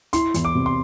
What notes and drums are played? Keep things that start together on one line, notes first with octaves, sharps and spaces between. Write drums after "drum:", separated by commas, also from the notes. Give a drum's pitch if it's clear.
E4 C6, drum: hi-hat
E2, drum: hi-hat
D6
C3
C6